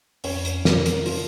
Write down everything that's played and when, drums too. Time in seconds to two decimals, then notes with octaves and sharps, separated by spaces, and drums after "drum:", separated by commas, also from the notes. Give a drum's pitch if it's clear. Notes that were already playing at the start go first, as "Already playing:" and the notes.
0.24 F2 C#4 C#5, drum: open hi-hat
0.45 drum: hi-hat
0.65 F2 A#3 A#4, drum: snare
0.86 drum: hi-hat
1.06 C#3 F3 F4, drum: open hi-hat